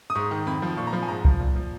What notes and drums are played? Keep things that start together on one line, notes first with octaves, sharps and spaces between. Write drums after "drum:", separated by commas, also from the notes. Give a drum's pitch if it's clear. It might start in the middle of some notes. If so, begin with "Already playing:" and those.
D#6
G#2 C#6
D#3
F2 B5
F3
A#2 C#6
A#5
F3 B5
G#5
G#2 A#5
F3, drum: kick C2
A#2
F3